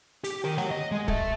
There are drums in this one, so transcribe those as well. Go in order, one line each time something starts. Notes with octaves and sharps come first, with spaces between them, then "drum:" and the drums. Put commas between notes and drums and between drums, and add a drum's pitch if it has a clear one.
G4, drum: hi-hat
D#3 A#4
C#5 F#5, drum: snare A3
D#5
G#3
A4 E5, drum: kick